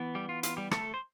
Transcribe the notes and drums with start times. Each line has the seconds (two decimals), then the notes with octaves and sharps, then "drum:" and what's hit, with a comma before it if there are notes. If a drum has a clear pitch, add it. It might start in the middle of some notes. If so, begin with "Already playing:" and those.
Already playing: E3 B3
0.15 G3 G4
0.29 F4
0.43 F4, drum: hi-hat
0.57 G3 G4
0.71 A3 A4, drum: rim click
0.94 C5